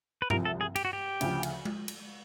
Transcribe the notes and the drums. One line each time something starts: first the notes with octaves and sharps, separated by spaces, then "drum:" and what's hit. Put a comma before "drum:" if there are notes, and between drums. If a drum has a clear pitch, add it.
B4
C2 C3 F3 A#4, drum: tom G2
A4
G#4
G4, drum: cymbal
F#4
G4
D2 C#3 F3, drum: cymbal
drum: cymbal
drum: tom G#3
drum: cymbal